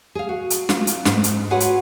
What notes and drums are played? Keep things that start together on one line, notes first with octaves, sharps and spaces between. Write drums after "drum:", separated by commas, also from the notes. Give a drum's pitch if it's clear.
G#4 F5
F#4
drum: hi-hat
F4, drum: snare
drum: hi-hat
G#2, drum: snare
drum: hi-hat
F4 F#4 G#4 B4 C#5 F#5
drum: hi-hat